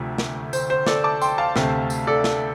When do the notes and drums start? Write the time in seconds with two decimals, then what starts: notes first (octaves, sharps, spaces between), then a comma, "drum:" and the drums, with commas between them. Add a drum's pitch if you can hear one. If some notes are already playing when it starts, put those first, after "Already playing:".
Already playing: D2 C3 F3 A3
0.18 drum: snare
0.53 C5, drum: tambourine
0.70 C5
0.87 A4 D5, drum: snare
1.04 A5 D6
1.22 G5 C6, drum: tambourine
1.38 F5 A5
1.56 D2 C3 A3 C4, drum: snare
1.90 drum: tambourine
2.07 A4 D5
2.24 drum: snare